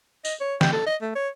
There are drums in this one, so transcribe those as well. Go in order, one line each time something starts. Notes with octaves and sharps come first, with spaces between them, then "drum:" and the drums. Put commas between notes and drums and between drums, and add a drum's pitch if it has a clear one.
D#5, drum: tambourine
C#5
G5, drum: snare
A4
D#5
A3
C#5